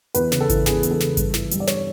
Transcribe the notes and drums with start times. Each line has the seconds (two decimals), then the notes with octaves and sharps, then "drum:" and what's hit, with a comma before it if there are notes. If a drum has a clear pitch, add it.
0.14 E2 B4, drum: hi-hat
0.32 C#3, drum: snare
0.41 A4
0.49 E3, drum: kick G#1, hi-hat
0.66 E2 G#4, drum: snare
0.83 E2 G#4, drum: hi-hat
0.91 A4
1.00 C#3, drum: snare
1.17 G2, drum: kick G#1, hi-hat
1.34 E3, drum: snare
1.51 G3, drum: hi-hat
1.60 D5
1.67 C#5, drum: snare